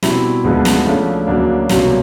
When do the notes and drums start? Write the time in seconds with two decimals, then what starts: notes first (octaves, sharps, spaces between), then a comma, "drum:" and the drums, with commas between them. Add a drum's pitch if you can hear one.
0.03 B2 G3 C4 E4, drum: snare
0.44 D2 D3 F3 G#3 B3
0.65 drum: snare
0.85 C#3 F3 A3 D4
1.27 D2 C#3 F#3 A#3 D4
1.69 C2 B2 F#3 A#3 C#4, drum: snare